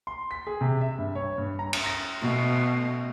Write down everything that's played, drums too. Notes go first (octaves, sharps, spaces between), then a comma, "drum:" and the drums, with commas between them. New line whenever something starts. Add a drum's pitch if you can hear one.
C6
B6
G#4
C3
E5
G2
C#5
G2
A#5
A#5, drum: cymbal
A#6
B2 A3